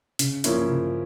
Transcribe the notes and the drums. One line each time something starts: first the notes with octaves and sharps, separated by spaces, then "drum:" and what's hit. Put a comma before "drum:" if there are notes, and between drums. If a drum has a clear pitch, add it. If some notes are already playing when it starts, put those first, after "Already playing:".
C#3, drum: hi-hat
F3 A#3 C#4 E4, drum: hi-hat
C#3